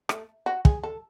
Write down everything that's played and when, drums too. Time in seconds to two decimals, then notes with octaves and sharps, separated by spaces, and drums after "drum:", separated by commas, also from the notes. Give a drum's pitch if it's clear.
0.09 A3, drum: rim click
0.46 F#4
0.65 G#4, drum: kick
0.83 A4